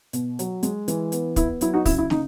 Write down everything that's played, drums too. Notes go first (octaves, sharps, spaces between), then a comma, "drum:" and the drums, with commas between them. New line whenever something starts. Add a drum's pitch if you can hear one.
B2, drum: hi-hat
F#3, drum: hi-hat
G#3, drum: hi-hat
E3, drum: hi-hat
B3, drum: hi-hat
B3 E4, drum: kick, hi-hat
F#3 E4, drum: hi-hat
D#4 F#4
C#3 E4, drum: kick, open hi-hat
E4
C#3 D#4, drum: snare